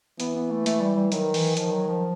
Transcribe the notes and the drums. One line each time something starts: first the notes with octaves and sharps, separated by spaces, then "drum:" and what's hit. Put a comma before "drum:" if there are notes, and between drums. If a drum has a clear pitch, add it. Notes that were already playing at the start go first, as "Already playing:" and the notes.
E3 B3, drum: hi-hat
B3
A3
A3, drum: hi-hat
G3
G3
D#3 F#3, drum: hi-hat
E3, drum: open hi-hat
D#3 F3, drum: hi-hat
F#3
F3